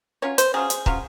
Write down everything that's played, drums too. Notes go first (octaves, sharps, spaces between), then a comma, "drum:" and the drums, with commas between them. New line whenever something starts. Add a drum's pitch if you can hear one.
F#3 C#4 F4 C#5
C5, drum: hi-hat
F#3 C#4 F4 G#4
drum: hi-hat
F#3 C#4 F4, drum: kick